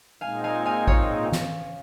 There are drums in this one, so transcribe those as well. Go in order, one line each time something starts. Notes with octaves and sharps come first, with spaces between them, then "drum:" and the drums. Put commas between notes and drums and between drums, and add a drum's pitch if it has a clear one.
A#2 G#3 C4 D#4 F5 G#5
F5 G#5
F5 G#5
C#5 F5, drum: kick A1
drum: snare